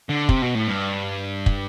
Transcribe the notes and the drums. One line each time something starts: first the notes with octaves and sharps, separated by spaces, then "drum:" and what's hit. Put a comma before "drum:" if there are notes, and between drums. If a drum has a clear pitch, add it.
D3
C3, drum: kick
B2
A2
G2
drum: kick